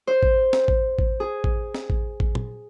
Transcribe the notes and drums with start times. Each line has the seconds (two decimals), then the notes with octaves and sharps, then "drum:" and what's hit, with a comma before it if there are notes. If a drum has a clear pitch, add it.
0.07 C5
0.23 drum: kick A1
0.53 drum: snare
0.68 drum: kick A1
0.99 drum: kick A1
1.20 G#4
1.44 drum: kick A1
1.74 drum: snare
1.90 drum: kick A1
2.20 drum: kick A1
2.35 drum: tom A#2